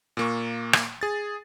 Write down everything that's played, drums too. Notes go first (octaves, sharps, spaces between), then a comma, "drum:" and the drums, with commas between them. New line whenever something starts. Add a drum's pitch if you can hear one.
A#2 A#3 C#6
drum: rim click
G#4 A6